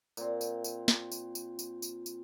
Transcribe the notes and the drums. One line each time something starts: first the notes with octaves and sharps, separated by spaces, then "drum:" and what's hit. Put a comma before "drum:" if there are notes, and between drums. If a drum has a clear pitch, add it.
A#2 C4, drum: tambourine
drum: tambourine
drum: tambourine
drum: snare
drum: tambourine
drum: tambourine
drum: tambourine
drum: tambourine
drum: tambourine